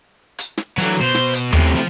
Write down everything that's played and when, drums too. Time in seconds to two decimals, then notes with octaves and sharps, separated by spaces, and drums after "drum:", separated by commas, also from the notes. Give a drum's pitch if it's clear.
0.38 drum: hi-hat
0.57 drum: snare
0.78 D3 E3 F#3, drum: hi-hat
1.01 B2 C5
1.15 drum: snare
1.34 drum: hi-hat
1.53 A2 C3 G#3 C#4, drum: tom D#2
1.75 F3